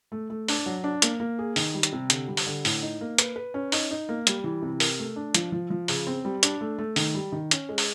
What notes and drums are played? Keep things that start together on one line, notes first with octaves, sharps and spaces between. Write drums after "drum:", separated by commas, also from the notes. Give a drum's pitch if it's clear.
A3
A3
D4, drum: open hi-hat
F#3
D4
A#3, drum: hi-hat
A#3
G#4
D#3, drum: open hi-hat
G3
drum: hi-hat
C3
D3, drum: hi-hat
G3
drum: open hi-hat
D3
A2, drum: open hi-hat
D#4
A#3
B4, drum: hi-hat
B4
C#4
D#4, drum: open hi-hat
D#4
A#3
G3, drum: hi-hat
E3
C3
A#4, drum: open hi-hat
A3
D4
F3, drum: hi-hat
F3
F3
C#3, drum: open hi-hat
C4
G3
D4, drum: hi-hat
A3
A3
D#3, drum: open hi-hat
G3
D#3
C#4, drum: hi-hat
G#3
drum: open hi-hat